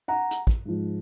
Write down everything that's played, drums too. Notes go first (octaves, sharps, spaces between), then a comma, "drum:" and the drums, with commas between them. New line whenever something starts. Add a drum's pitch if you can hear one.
F#5 A#5
drum: hi-hat
drum: kick
G#2 F3 G#3